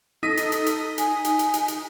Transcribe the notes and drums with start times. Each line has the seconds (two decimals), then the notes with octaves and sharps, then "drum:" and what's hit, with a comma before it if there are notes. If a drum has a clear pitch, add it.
0.23 D#4 A4 D#6 B6
0.37 drum: hi-hat
0.52 drum: hi-hat
0.66 drum: hi-hat
0.98 G#5, drum: hi-hat
1.25 drum: hi-hat
1.39 drum: hi-hat
1.54 drum: hi-hat
1.68 drum: hi-hat